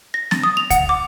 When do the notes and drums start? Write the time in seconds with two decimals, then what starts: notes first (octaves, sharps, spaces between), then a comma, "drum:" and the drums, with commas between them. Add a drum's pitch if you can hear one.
0.14 A#6
0.31 A6, drum: snare
0.44 D#6
0.57 F7
0.70 F#5, drum: kick C#2, hi-hat
0.89 D6